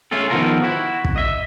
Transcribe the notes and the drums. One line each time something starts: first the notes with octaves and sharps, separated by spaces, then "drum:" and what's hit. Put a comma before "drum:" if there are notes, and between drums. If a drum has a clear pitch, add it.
A3 C#4 F4 G#4 A4
D#3 F3 B3 F4 A4 A#4
E4 F#4
drum: kick
D#5 E5